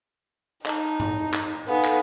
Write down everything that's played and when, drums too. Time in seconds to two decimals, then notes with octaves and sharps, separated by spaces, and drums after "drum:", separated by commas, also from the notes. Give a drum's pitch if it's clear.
0.66 D#4 D#5 A5 A#5, drum: clap
1.00 drum: tom G2
1.34 drum: clap
1.69 B3 D#4 A4 F5 G#5
1.85 drum: clap